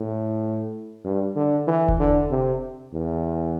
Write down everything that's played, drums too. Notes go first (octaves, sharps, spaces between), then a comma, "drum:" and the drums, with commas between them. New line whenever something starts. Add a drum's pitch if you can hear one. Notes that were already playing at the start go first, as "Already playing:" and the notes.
Already playing: A2
G2
D3
E3
drum: kick E1
D3
C3
E2